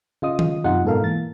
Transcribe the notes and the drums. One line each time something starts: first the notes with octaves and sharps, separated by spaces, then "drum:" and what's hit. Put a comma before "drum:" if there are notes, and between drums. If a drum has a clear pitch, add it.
C#3 F4 D#5 D#6
drum: tom D#3
F#2 C3 D#4 F4 F#5
G#2 B2 A4 A#4 F5
E3 A#3 A6